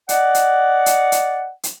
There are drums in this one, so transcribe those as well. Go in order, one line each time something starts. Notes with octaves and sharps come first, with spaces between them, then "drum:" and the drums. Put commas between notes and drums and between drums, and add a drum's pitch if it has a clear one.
D5 D#5 F#5, drum: hi-hat
drum: hi-hat
drum: hi-hat
drum: hi-hat
drum: hi-hat